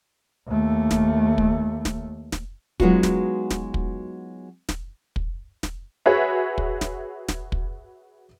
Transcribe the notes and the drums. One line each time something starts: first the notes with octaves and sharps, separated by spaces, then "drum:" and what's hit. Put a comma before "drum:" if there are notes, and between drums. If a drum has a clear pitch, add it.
D#2 A3
drum: snare
drum: kick
drum: snare
drum: snare
F#3 G#3 B3 D#4 F4 F#4, drum: kick
drum: snare
drum: snare
drum: kick
drum: snare
drum: kick
drum: snare
F#4 G#4 B4 C#5 E5
drum: kick
drum: snare
drum: snare
drum: kick